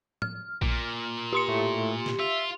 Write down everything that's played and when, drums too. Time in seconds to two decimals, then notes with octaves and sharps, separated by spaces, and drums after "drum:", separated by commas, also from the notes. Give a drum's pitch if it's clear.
0.22 F6, drum: tom
0.62 A#2, drum: kick A#1
1.33 G4 C6 C#7
1.48 A2 A3
2.06 drum: snare
2.19 F4 E5